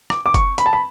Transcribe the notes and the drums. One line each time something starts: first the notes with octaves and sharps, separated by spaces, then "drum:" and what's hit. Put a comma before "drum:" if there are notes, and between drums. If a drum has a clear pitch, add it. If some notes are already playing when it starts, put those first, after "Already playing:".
D6, drum: rim click
D6
C#6, drum: kick F#1, hi-hat
B5, drum: hi-hat
A5
B5